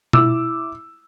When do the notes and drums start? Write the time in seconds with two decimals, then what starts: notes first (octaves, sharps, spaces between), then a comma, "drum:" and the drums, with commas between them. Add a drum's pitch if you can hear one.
0.13 E4 D6 E6, drum: tom B2